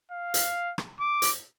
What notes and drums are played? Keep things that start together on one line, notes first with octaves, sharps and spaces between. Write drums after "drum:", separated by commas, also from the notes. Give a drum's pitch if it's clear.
F5
drum: hi-hat
drum: rim click
D6
drum: hi-hat